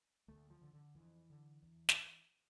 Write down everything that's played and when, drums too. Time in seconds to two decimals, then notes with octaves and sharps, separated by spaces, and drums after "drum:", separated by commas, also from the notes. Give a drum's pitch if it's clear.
0.28 D2 A3
0.50 F3
0.62 D3
0.73 D3
0.95 F2 E3
1.30 D3
1.63 E2
1.89 drum: snare